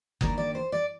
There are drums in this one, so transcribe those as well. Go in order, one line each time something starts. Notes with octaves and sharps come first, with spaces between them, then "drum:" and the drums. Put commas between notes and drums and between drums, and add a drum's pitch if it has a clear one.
D#3 G3 A#3 D4 A#4, drum: kick F#1
D5
C5
D5